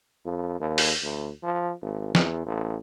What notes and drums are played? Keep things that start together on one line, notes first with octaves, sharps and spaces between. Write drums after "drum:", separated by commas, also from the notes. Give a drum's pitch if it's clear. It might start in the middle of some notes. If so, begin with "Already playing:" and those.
F2
D#2
drum: open hi-hat
D2
F3
G#1
E2, drum: snare
A1